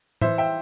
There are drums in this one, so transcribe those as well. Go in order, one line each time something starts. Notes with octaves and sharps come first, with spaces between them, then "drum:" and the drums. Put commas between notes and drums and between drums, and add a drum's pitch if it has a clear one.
E3 C5 E5, drum: tom
E5 G5